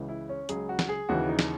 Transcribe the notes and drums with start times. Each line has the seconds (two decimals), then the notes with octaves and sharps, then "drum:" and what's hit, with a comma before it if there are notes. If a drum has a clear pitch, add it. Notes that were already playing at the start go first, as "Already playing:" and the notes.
Already playing: C#2 C#3 E3
0.08 E4
0.29 C#4
0.49 C#2 C#3 F#3 G#4, drum: hi-hat
0.69 F#4
0.79 drum: snare
0.89 G#4
1.09 D#2 C#3 E3 F#4
1.29 D#4
1.39 drum: snare